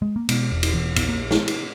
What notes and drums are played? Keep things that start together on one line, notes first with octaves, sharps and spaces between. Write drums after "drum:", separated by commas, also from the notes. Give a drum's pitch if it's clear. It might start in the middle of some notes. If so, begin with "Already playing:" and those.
G#3
A#3
B2 G#3 B3, drum: cymbal
E1
drum: cymbal
E2
A#1 B3, drum: cymbal
A#3
drum: snare
drum: cymbal